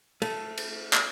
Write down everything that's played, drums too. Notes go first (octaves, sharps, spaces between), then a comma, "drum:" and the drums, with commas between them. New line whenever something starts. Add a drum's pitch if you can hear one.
A3, drum: cymbal
drum: cymbal
drum: clap